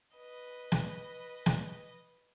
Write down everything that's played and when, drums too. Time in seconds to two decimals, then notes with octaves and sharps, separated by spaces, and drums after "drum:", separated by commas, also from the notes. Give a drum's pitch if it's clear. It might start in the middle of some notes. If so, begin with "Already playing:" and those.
0.16 B4 D#5
0.72 drum: snare
1.46 drum: snare